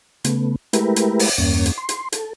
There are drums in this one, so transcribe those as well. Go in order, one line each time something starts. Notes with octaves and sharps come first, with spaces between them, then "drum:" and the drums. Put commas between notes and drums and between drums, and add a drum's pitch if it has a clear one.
C#3 A3 B3, drum: hi-hat
G#3 A3 E4 G4 A#4 B4, drum: hi-hat
drum: hi-hat
drum: open hi-hat
E2 G2 A#3 C#4
drum: hi-hat
C6
drum: hi-hat
A4, drum: hi-hat